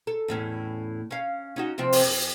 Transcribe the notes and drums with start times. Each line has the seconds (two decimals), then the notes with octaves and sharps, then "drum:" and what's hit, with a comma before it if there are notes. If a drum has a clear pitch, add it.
0.07 A4
0.28 E2 A2 C#4
1.11 C#4 F5
1.56 C#4 D#4 F#4
1.78 C3 F3 C4
1.92 drum: open hi-hat
2.03 F2